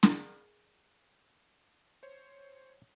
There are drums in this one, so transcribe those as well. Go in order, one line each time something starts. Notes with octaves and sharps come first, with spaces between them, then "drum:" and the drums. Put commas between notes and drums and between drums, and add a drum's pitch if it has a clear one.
G#4 A#4 F5, drum: snare
C5 C#5